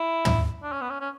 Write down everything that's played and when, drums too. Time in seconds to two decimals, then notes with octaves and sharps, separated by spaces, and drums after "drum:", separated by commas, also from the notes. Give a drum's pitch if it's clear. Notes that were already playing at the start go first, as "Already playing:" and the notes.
Already playing: E4
0.25 drum: tom
0.63 D4
0.72 C#4
0.81 B3
0.90 C#4
1.00 C#4